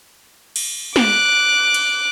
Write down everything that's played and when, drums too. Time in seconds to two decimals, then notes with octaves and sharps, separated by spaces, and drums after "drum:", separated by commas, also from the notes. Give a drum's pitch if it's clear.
0.56 drum: cymbal
0.96 D6 F#6, drum: snare
1.74 drum: cymbal